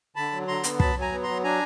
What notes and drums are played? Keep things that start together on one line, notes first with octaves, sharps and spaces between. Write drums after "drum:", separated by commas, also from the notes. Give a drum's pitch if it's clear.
D3 A5 B5
F#3
D3 A#5 C6
B3, drum: hi-hat
F#3 A5 B5, drum: kick
F#3
G#5 A#5
B3
A#5 C6
F#3
D4 G#5 A#5